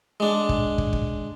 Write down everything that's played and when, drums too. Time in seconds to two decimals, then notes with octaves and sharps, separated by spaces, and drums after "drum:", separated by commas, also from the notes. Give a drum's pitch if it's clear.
0.20 G#3 D4
0.49 drum: kick
0.78 drum: kick
0.93 drum: kick